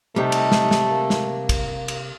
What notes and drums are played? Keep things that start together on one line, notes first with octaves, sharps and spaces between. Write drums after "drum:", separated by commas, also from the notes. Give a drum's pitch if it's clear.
C3 G3 A3 D#4
drum: cymbal
drum: snare
drum: snare
A#3
drum: snare
drum: kick, cymbal
drum: cymbal